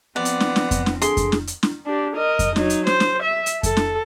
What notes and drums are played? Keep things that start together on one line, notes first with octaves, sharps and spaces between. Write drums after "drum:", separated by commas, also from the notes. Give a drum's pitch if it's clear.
F3 B3 C4 D5
drum: hi-hat
drum: snare
drum: snare
drum: kick F2, hi-hat
drum: snare
D3 G#4 C6, drum: hi-hat
drum: kick F2, hi-hat
drum: snare
drum: hi-hat
drum: snare
D4 G4
A#4 D#5
drum: kick F2, hi-hat
F#3 D#4, drum: snare
drum: hi-hat
C5, drum: snare
drum: snare
E5
drum: hi-hat
A4, drum: kick F2, hi-hat
drum: snare